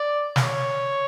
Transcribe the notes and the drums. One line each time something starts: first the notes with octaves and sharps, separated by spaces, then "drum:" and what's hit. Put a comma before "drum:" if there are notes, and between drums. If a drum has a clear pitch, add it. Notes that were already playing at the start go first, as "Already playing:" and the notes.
Already playing: D5
C#5, drum: snare